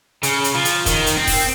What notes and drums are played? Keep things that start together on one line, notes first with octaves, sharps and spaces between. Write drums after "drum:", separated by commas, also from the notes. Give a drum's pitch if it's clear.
C#3, drum: hi-hat
drum: hi-hat
F3
drum: hi-hat
D#3, drum: kick, hi-hat
drum: hi-hat
C4
drum: kick, open hi-hat